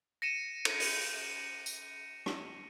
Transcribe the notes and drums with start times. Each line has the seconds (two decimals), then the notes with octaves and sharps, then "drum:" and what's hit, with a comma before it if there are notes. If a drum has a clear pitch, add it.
0.22 A#6 C#7 D#7 E7
0.65 drum: cymbal
0.80 drum: open hi-hat
1.66 drum: tambourine
2.26 drum: rim click